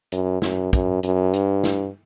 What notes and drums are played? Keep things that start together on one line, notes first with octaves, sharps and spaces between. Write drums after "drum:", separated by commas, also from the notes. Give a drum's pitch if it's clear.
F#2, drum: hi-hat
F#2, drum: snare
F#2, drum: kick, hi-hat
F#2, drum: hi-hat
G2, drum: hi-hat
drum: snare